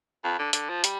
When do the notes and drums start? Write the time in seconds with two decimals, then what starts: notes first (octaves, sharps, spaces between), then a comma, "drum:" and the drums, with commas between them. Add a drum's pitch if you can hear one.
0.24 F2
0.39 D3
0.53 D3, drum: hi-hat
0.69 F3
0.84 G3, drum: hi-hat